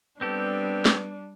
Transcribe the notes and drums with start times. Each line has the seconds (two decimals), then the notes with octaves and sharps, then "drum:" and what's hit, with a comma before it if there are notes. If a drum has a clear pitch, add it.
0.21 G3 B3 C4 D4 G4 A4
0.85 drum: snare